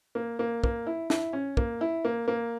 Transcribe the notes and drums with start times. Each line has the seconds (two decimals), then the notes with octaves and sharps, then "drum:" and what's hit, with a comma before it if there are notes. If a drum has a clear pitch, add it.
0.15 A#3
0.39 A#3
0.64 A#3, drum: kick
0.87 E4
1.10 E4, drum: snare
1.33 C#4
1.57 A#3, drum: kick
1.81 E4
2.05 A#3
2.28 A#3